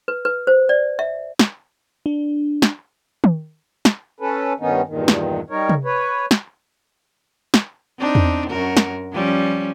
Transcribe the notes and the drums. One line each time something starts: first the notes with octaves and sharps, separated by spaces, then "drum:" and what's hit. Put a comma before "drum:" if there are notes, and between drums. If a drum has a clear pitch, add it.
B4
B4
C5
D5
E5
drum: snare
D4
drum: snare
drum: tom D#3
drum: snare
C#4 A4 B4
G2 D#3 B3 C#4 D#4
E2 G2 A#2 D#3
drum: snare
G3 D#4 A#4 C#5
drum: tom C3
B4 C#5
drum: snare
drum: snare
C4 D4 D#4
drum: tom E2
F#2 F#4 A#4
drum: snare
F3 G3 C#4